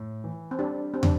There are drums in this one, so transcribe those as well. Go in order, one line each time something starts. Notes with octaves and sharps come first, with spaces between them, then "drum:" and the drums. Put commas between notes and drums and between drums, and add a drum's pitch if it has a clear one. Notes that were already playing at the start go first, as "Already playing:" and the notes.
Already playing: A2
E3
C4
G3 D4
G3 C4
D4, drum: tom